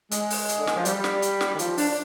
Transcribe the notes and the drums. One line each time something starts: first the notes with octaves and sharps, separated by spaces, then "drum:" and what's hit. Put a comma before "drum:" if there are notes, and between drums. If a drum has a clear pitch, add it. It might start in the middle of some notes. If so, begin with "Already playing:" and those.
G#3, drum: hi-hat
drum: open hi-hat
drum: hi-hat
D3
D#3, drum: snare
F3
G3, drum: hi-hat
drum: snare
drum: hi-hat
drum: snare
D#3
F3, drum: hi-hat
D4, drum: open hi-hat
D4